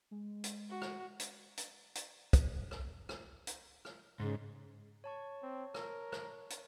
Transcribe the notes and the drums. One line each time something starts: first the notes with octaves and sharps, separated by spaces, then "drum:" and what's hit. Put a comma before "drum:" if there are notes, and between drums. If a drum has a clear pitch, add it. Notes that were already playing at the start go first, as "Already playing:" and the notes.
G#3
drum: hi-hat
F#4
drum: rim click
drum: hi-hat
drum: hi-hat
drum: hi-hat
drum: kick, hi-hat
drum: rim click
drum: rim click
drum: hi-hat
drum: rim click
G#2 C#3
C#5 A5 C#6
C4
A#4, drum: rim click
drum: rim click
drum: hi-hat